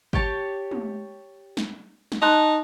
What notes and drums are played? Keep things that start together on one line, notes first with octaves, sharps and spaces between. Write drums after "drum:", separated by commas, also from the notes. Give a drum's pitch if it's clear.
G4 C#5 A5, drum: kick
drum: tom
drum: snare
drum: snare
D#4 A5 C6 F#6